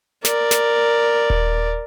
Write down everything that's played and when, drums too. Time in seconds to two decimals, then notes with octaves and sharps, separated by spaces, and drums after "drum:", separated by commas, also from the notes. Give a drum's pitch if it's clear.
0.25 A#4 D5, drum: snare
0.51 drum: snare
1.30 drum: kick D#1